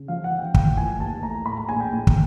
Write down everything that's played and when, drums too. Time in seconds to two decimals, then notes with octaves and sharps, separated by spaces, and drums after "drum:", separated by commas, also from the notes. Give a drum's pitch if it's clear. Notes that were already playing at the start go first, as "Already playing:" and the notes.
Already playing: C#3
0.08 F3 F5
0.24 F#5
0.31 F3
0.39 G5
0.54 A3 G5, drum: kick
0.77 E3 G#5
1.00 D#2 A5
1.23 A3 A#5
1.45 A2 B5
1.58 A#5
1.69 A#1 G#5
1.80 G5
1.92 A2
2.07 drum: kick